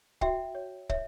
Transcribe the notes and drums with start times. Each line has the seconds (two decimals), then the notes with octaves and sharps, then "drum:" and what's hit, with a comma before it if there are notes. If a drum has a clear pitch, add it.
0.21 F#4 E5 G5, drum: kick
0.55 C#5
0.89 C#5 E5, drum: kick